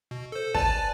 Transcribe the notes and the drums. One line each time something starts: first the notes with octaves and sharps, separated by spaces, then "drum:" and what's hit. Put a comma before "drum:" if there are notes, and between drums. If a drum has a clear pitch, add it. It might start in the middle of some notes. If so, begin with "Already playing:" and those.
B2
A4 C5
B4 D5 G#5 A5, drum: kick